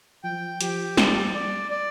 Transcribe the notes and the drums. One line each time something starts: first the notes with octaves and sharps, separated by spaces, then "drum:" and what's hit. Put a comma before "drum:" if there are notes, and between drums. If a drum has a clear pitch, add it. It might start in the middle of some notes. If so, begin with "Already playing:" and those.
F3 G5
F3 G4, drum: hi-hat
G3 D5, drum: snare
D5
D5